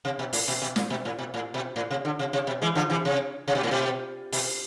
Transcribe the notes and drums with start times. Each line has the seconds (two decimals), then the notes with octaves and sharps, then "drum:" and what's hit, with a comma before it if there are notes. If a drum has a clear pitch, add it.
0.05 C3
0.19 B2
0.33 A2, drum: open hi-hat
0.48 B2
0.62 B2
0.76 A2, drum: snare
0.90 B2
1.05 A2
1.19 B2
1.34 A2
1.54 B2
1.76 A2
1.91 C3
2.05 D3
2.19 C3
2.33 C3
2.47 B2
2.62 E3 G#3
2.75 D3 F3
2.90 C3 E3
3.05 C3
3.48 C3
3.55 B2
3.63 A2
3.71 B2
4.32 B2, drum: open hi-hat